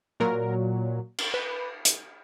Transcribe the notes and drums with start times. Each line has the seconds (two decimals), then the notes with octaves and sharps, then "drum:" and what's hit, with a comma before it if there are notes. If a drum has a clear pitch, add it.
0.20 A#2 F#3 A#4
1.18 drum: cymbal
1.34 B4
1.85 drum: hi-hat